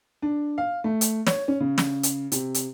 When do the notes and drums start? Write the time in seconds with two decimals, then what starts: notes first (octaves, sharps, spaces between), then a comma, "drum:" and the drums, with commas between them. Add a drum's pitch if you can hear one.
0.22 D4
0.58 F5
0.84 A3
1.01 drum: hi-hat
1.27 C#5, drum: snare
1.48 C#4
1.60 C#3
1.78 drum: snare
2.03 drum: hi-hat
2.32 C3, drum: hi-hat
2.54 drum: hi-hat